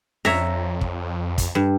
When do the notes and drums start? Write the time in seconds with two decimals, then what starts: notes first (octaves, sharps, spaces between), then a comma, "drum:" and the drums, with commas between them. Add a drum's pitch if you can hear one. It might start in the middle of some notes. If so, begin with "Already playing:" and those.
0.25 F2 C#5 E5 A#5, drum: snare C#4
0.81 drum: kick
1.38 drum: kick, hi-hat
1.55 G2